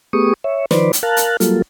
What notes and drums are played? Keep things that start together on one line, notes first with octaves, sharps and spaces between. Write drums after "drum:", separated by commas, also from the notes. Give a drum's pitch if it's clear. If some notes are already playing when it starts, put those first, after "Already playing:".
A3 B3 G4 G#4 C#6 D#6
C#5 E5
D#3 F3 B4 C5 D5, drum: snare
drum: hi-hat
A#4 F5 A5 F#6
drum: hi-hat
F#3 G3 A#3 F4 A4, drum: hi-hat